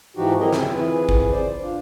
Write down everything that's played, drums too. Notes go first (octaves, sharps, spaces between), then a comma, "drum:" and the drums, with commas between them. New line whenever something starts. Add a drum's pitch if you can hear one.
G#2 E3 F3 D#4 F#4 G4
F#3 C4 E4 G#4 A#4 D#5
C4 E5, drum: snare
F2 E3 G#4 B4
drum: kick G#1
C5 D5
D4 F4